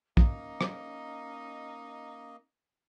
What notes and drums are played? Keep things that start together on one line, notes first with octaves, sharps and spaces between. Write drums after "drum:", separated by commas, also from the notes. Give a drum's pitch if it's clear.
A#3 C#4 D#4 D#5, drum: kick
drum: rim click